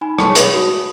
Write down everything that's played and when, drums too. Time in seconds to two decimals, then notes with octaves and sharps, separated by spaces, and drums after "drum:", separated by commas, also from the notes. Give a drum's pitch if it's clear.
0.01 D#4 G#5 B5
0.19 A5 C#6, drum: rim click
0.27 G#4 C#5
0.35 B5 D#6, drum: hi-hat
0.53 F#4